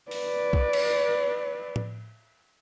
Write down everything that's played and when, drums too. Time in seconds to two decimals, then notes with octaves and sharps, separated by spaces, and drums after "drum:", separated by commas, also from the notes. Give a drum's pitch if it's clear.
0.11 B4 D5, drum: open hi-hat
0.53 drum: kick B1
0.73 drum: cymbal
1.76 drum: tom A2